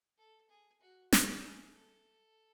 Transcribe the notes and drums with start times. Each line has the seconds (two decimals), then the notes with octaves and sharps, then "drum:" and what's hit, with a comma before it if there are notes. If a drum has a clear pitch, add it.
0.18 A4
0.49 G#4
0.80 F#4
1.12 E4, drum: snare
1.44 G#4
1.74 A4